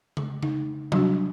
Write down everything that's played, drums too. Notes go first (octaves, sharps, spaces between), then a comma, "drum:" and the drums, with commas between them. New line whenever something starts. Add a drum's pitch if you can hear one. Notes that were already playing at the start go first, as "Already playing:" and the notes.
drum: tom C#3
D#4, drum: tom C#3
F#3 G3 D4 F#4, drum: tom C3